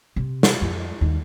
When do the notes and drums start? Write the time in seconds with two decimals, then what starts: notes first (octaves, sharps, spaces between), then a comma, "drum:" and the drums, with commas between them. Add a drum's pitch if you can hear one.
0.16 C3
0.43 drum: snare
0.62 F2 F3
1.01 D#2